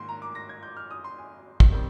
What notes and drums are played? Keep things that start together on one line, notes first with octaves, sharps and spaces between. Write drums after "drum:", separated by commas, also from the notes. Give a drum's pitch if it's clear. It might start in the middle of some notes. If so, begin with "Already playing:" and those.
Already playing: G#2 D#3 A#3 C6
A#5
D6
A#6
G#6
G6
F6
D#6
C6
G#5
drum: kick
D#3 G3 C4